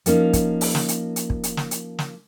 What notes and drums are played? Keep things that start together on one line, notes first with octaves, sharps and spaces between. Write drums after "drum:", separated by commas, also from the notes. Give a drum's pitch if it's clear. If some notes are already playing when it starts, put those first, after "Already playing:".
F3 A#3 C#4 D#4, drum: hi-hat
drum: kick, hi-hat
drum: open hi-hat
drum: snare
drum: hi-hat
drum: hi-hat
drum: kick
drum: hi-hat
drum: snare
drum: hi-hat
drum: snare